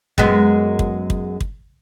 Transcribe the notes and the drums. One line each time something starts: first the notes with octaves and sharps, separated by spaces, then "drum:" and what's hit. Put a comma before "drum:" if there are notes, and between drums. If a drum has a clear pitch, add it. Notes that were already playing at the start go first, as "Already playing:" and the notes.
F#2 G#3 B3, drum: kick
drum: kick
drum: kick
drum: kick